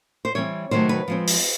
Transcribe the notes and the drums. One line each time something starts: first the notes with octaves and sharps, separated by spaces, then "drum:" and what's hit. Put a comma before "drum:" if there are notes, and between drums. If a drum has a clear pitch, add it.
C5
E3 G3 C4 C#5
C3 D#3 F#3 A3 C5
B4
F3 G#3 C4
drum: open hi-hat